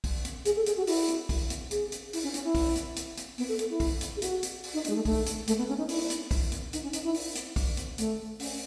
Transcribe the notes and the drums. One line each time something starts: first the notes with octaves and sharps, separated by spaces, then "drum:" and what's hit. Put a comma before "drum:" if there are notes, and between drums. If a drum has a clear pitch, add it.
drum: kick B1, open hi-hat
drum: hi-hat
G#4, drum: hi-hat
A4
G#4, drum: hi-hat
F#4
E4, drum: open hi-hat
drum: hi-hat
drum: kick B1, open hi-hat
drum: hi-hat
G#4, drum: hi-hat
drum: hi-hat
E4, drum: open hi-hat
C#4
C#4, drum: hi-hat
E4
drum: kick B1, open hi-hat
drum: hi-hat
drum: hi-hat
drum: hi-hat
B3, drum: open hi-hat
A4
A4, drum: hi-hat
E4
drum: kick B1, open hi-hat
drum: hi-hat
G#4
F#4, drum: hi-hat
drum: hi-hat
drum: open hi-hat
D#4
D#4, drum: hi-hat
G#3
A3
A3, drum: kick B1, open hi-hat
drum: hi-hat
A3, drum: hi-hat
B3
C#4
D#4
E4, drum: open hi-hat
drum: hi-hat
drum: kick B1, open hi-hat
drum: hi-hat
D#4, drum: hi-hat
C#4
D#4, drum: hi-hat
E4
drum: open hi-hat
drum: hi-hat
drum: kick B1, open hi-hat
drum: hi-hat
A3, drum: hi-hat
C#4, drum: open hi-hat